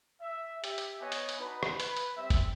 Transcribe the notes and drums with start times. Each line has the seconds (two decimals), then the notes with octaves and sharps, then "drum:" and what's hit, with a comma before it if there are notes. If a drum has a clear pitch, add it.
0.21 E5
0.64 G4 E5, drum: hi-hat
0.78 drum: hi-hat
1.00 B3 B4 C#5 D#5 G#5
1.12 drum: hi-hat
1.29 drum: hi-hat
1.39 D4 D#4 F#4 B4
1.63 drum: rim click
1.80 B4, drum: hi-hat
1.97 drum: hi-hat
2.17 G3 C4 E5
2.30 drum: kick G1, hi-hat